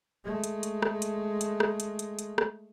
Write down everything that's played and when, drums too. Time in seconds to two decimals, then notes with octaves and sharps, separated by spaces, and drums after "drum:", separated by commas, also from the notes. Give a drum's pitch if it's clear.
0.24 G#3 A3
0.44 drum: hi-hat
0.63 drum: hi-hat
0.82 drum: rim click
1.02 drum: hi-hat
1.41 drum: hi-hat
1.60 drum: rim click
1.80 drum: hi-hat
1.99 drum: hi-hat
2.19 drum: hi-hat
2.38 drum: rim click